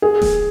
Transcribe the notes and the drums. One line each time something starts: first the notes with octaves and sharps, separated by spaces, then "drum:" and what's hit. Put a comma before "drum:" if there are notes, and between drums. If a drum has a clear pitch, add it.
G#4
drum: snare D#1